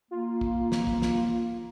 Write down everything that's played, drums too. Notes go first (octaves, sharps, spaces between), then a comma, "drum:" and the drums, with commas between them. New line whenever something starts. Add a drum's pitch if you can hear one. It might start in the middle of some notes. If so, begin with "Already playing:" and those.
A#3 F4
drum: kick
drum: snare
drum: kick
drum: snare